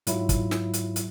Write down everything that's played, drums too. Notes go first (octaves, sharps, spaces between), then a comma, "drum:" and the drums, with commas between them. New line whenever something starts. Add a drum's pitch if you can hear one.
G#2 F#3 E4 F4, drum: hi-hat
drum: kick, hi-hat
drum: snare
drum: hi-hat
drum: hi-hat